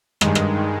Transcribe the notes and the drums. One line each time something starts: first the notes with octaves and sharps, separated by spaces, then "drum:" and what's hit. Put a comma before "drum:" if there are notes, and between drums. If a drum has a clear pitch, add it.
G2 D#3 G#3, drum: rim click
drum: rim click